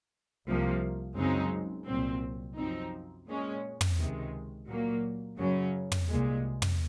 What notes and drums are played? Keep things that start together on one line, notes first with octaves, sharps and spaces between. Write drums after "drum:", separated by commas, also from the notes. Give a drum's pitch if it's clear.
C2 C3 F3 A#3
F#2 C#3 G#3 C4 D#4
C2 A#2 F#3 C4
F#2 F3 C4 D#4
A#2 G#3 C#4
drum: tom
C#2 C3 D#3 G#3
A#2 F#3 A#3
F#2 C#3 F#3 C#4
drum: tom
C2 A#2 G#3
drum: tom